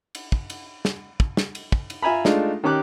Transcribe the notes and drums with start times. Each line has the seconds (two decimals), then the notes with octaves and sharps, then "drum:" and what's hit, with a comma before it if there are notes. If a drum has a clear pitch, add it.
0.15 drum: cymbal
0.32 drum: kick
0.50 drum: cymbal
0.85 drum: snare
1.20 drum: kick
1.37 drum: snare
1.55 drum: cymbal
1.72 drum: kick
1.90 drum: cymbal
2.03 F4 E5 G#5 A#5 B5
2.25 G#3 A3 D4 D#4 F4, drum: snare
2.64 D#3 C#4 G4 D6 F#6